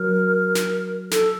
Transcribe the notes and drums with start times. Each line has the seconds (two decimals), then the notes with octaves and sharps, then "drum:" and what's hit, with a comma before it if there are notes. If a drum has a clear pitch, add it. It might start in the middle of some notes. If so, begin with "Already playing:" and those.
Already playing: F#3 A#4
0.55 drum: snare
1.11 A4, drum: snare